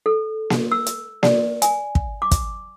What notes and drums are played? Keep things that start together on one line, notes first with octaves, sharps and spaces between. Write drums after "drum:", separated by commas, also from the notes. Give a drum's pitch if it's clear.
A4
drum: snare A#3
E6
drum: hi-hat
D5, drum: snare A#3
G#5, drum: hi-hat
drum: kick
D6
drum: kick, hi-hat